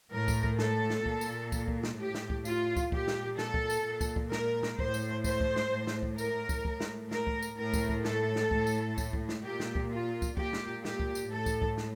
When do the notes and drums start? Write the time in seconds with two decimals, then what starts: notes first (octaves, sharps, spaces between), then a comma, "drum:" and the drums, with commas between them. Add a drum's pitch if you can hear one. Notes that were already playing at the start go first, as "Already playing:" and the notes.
0.12 A2 A#4
0.28 drum: kick, tambourine
0.44 drum: kick
0.59 A4, drum: snare
0.90 drum: snare
1.06 A#2, drum: kick
1.21 drum: tambourine
1.52 drum: kick, tambourine
1.68 drum: kick
1.83 drum: snare
1.99 A2 G4
2.14 drum: snare
2.30 drum: kick
2.45 F4, drum: tambourine
2.76 drum: kick, tambourine
2.92 A#2 G4, drum: kick
3.08 drum: snare
3.38 A4, drum: snare
3.54 drum: kick
3.70 drum: tambourine
3.86 A#2
4.01 drum: kick, tambourine
4.16 drum: kick
4.32 A#4, drum: snare
4.63 drum: snare
4.79 A2 C5, drum: kick
4.94 drum: tambourine
5.24 C5, drum: kick, tambourine
5.41 drum: kick
5.56 drum: snare
5.72 A2
5.87 drum: snare
6.03 drum: kick
6.18 A#4, drum: tambourine
6.49 drum: kick, tambourine
6.65 A2, drum: kick
6.80 drum: snare
7.11 A#4, drum: snare
7.27 drum: kick
7.42 drum: tambourine
7.57 A2 A#4
7.74 drum: kick, tambourine
7.89 drum: kick
8.05 A4, drum: snare
8.36 drum: snare
8.51 A2, drum: kick
8.67 drum: tambourine
8.98 drum: kick, tambourine
9.13 drum: kick
9.29 drum: snare
9.44 A#2 G4
9.60 drum: snare
9.75 drum: kick
9.91 F4
10.22 drum: kick, tambourine
10.37 A#2 G4, drum: kick
10.53 drum: snare
10.85 G4, drum: snare
11.00 drum: kick
11.15 drum: tambourine
11.31 A2 A4
11.46 drum: kick, tambourine
11.62 drum: kick
11.77 drum: snare